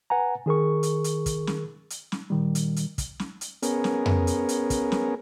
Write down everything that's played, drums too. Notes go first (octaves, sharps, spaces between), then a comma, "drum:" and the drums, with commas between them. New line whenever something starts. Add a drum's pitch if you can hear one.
B4 F#5 G#5 A#5
D#3 G#4 A#4 C#6
drum: hi-hat
drum: hi-hat
drum: kick, hi-hat
drum: snare
drum: hi-hat
drum: snare
A#2 D#3 G3
drum: hi-hat
drum: hi-hat
drum: kick, hi-hat
drum: snare
drum: hi-hat
B3 C#4 G#4 A#4, drum: hi-hat
drum: snare
drum: tom F2
drum: hi-hat
drum: hi-hat
drum: kick, hi-hat
drum: snare